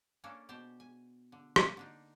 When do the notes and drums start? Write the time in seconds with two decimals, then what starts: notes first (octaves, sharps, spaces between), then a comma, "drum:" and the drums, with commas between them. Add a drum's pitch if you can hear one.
0.24 A#3 C#4 D4 A4
0.49 B2 G4 C5 A5
0.80 G#5
1.32 D3
1.56 A#3, drum: rim click
1.77 D3 D4 D#4